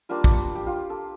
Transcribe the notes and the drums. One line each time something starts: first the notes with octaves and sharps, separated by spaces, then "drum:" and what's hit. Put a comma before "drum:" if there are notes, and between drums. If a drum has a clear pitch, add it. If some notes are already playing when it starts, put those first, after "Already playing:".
G3 A#3 D4 F4
drum: kick
G4
F4
A4